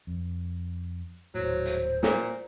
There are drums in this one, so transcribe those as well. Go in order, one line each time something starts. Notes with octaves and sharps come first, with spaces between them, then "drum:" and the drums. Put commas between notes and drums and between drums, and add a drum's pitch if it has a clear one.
F2
D#1 A2 F#3 C5
drum: hi-hat
A#2, drum: snare